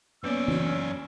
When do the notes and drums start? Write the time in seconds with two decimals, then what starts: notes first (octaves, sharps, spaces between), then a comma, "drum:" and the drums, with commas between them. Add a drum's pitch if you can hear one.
0.24 F#2 A#3 B3 C#4 B4 D5 E6
0.48 drum: tom